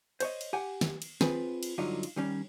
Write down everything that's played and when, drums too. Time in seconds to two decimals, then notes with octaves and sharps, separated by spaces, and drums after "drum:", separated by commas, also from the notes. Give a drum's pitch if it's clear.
0.20 C5 C#5 D#5, drum: cymbal
0.41 drum: cymbal
0.53 G4 F#5 G#5
0.81 drum: snare
1.02 drum: cymbal
1.21 C4 F4 G#4 B4, drum: snare
1.63 drum: cymbal
1.78 G2 D3 F#3 D#4 F4
2.03 drum: cymbal
2.16 D#3 G3 C#4